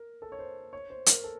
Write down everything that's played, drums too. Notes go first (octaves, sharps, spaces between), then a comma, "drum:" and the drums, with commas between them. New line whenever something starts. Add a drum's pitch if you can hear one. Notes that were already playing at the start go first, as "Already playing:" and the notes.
Already playing: A#4
A4
C#5
C5
C#5
C5
A#4, drum: hi-hat
A4